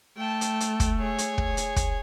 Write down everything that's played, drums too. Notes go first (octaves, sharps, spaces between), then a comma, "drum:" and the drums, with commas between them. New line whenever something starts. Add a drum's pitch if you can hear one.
A3 G5 A5
drum: hi-hat
drum: hi-hat
drum: kick, hi-hat
G#4 C#5
drum: hi-hat
drum: kick
drum: hi-hat
drum: kick, hi-hat